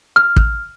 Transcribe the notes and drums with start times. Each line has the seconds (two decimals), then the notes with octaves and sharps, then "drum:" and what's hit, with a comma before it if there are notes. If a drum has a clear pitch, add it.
0.16 F6
0.36 drum: kick